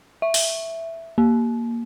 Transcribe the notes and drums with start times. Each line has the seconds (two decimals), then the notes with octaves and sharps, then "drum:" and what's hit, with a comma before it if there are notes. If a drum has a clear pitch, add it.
0.22 E5
0.34 drum: open hi-hat
1.18 A#3